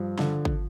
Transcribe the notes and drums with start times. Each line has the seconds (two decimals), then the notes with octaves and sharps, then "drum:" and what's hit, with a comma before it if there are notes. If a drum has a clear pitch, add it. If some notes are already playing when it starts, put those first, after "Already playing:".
Already playing: G2 F3
0.19 D3, drum: snare
0.45 drum: kick